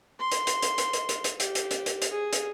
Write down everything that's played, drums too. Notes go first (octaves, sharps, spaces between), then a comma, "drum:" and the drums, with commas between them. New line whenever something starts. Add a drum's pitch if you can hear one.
C6
drum: hi-hat
drum: hi-hat
drum: hi-hat
drum: hi-hat
drum: hi-hat
drum: hi-hat
drum: hi-hat
G4, drum: hi-hat
drum: hi-hat
drum: hi-hat
drum: hi-hat
drum: hi-hat
G#4
drum: hi-hat